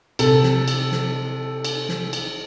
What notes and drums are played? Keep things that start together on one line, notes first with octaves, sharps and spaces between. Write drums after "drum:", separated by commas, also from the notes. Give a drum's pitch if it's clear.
C3 A4, drum: cymbal
drum: snare
drum: cymbal
drum: snare
drum: cymbal
drum: snare
drum: cymbal